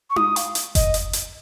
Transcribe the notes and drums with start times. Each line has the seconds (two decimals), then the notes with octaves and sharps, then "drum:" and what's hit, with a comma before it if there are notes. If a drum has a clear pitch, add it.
0.10 C#6
0.16 D#6, drum: tom D#4
0.36 F5, drum: hi-hat
0.55 drum: hi-hat
0.75 D#5, drum: kick F#1, hi-hat
0.94 drum: hi-hat
1.13 drum: hi-hat